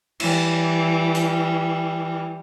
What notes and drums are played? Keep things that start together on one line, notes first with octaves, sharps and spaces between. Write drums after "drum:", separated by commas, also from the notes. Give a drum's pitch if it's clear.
E3 G3, drum: cymbal
drum: hi-hat